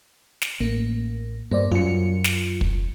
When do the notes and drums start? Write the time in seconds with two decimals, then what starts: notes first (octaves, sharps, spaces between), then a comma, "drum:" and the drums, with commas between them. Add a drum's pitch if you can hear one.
0.42 drum: snare
0.60 A1 A#3
1.51 G2 A#3 C5 D5
1.71 F#2 F4 C#7
2.24 drum: snare
2.61 drum: kick